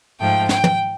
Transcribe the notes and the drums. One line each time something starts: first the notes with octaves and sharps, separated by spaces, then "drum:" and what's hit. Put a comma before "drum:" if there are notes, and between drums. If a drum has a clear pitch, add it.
G#2 F3 A3 G5
G5, drum: snare
drum: tom